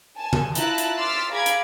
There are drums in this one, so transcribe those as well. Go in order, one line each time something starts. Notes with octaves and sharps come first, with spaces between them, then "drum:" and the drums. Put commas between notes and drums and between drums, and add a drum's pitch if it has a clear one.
G#5 A5
drum: tom D3
E4 F4 A5 A#5 F#6, drum: hi-hat
drum: hi-hat
C6 D6 E6 F6 A6 B6
G#4 F5 A#5 B5 D6 G#6
drum: hi-hat